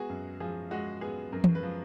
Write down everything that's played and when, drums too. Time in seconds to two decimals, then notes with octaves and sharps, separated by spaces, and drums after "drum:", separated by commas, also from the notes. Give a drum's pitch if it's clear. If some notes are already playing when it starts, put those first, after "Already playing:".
Already playing: G#3 B3 F#4 G#4
0.10 F#2
0.40 F3 G#4
0.71 G#3 F#4
1.01 B3 G#4
1.32 F#2 A#4
1.44 drum: tom
1.55 B4
1.63 F3